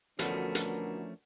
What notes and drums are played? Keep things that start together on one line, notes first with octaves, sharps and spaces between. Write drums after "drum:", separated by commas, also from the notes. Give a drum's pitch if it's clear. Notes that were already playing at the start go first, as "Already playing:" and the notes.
D2 B2 E3 F3 A3 C#4 D4 A#4, drum: hi-hat
drum: hi-hat